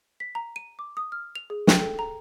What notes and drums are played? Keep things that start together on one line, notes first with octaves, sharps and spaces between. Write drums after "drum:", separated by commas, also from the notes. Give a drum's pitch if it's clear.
B6
A#5
D#7
D6
D#6
F6
F7
G#4
G5, drum: snare
A4
A#5